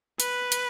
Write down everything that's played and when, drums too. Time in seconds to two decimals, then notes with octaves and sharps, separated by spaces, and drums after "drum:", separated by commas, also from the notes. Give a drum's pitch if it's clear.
0.20 B4, drum: hi-hat
0.52 drum: hi-hat